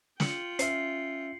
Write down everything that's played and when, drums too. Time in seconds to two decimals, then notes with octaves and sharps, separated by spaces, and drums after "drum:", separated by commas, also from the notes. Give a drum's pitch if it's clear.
0.20 F4 G5 C#7 F#7, drum: snare
0.59 C#4 E5 C7, drum: hi-hat